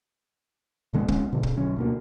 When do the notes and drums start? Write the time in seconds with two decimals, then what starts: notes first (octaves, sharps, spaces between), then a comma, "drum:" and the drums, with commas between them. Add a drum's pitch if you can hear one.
0.93 E1 D3 G#3 B3
1.08 C2 G#3 B3 C#4, drum: kick
1.33 B2 D3
1.43 drum: kick
1.57 B1 F#3 C#4
1.76 D2 B2 A#3